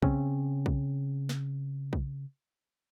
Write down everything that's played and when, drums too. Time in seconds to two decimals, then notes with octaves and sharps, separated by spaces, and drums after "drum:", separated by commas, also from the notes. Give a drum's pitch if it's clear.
0.02 C#3 C4 C#4, drum: kick
0.66 drum: kick
1.29 drum: snare
1.93 drum: kick